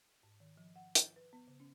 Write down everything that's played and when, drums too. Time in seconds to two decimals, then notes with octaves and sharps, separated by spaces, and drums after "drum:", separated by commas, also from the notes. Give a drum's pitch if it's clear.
0.23 G#2
0.40 D#3
0.57 F3
0.76 F#5
0.95 G6, drum: hi-hat
1.16 B4
1.33 B3
1.48 C#3
1.60 C#4